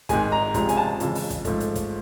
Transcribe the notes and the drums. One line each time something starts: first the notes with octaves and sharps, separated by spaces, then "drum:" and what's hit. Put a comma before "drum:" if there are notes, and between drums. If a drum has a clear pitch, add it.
G#2 D#3 G#3 G#5, drum: kick, hi-hat
A#5
C#2 C3 F3 G#3 A#5, drum: kick, hi-hat
G#5, drum: hi-hat
A5
F2 C#3 E3 G#3, drum: hi-hat
drum: open hi-hat
drum: kick, hi-hat
G#2 F3 A3, drum: kick, hi-hat
drum: hi-hat
drum: kick, hi-hat